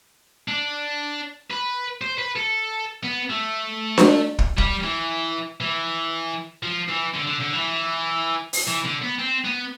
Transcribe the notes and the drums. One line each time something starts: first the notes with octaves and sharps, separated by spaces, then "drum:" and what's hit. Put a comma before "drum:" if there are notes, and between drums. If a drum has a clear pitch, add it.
D4
B4
C5
B4
A4
B3
A3
drum: snare D4
drum: kick
G3, drum: kick
E3
E3
F3
E3
D3
D3
D3
E3
drum: open hi-hat
E3
D3
B3
C4
B3